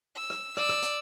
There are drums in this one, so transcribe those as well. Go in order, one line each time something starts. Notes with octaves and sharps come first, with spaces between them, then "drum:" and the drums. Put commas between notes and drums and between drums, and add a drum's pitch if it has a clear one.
E6
drum: rim click
D5 E6, drum: rim click
drum: rim click
drum: hi-hat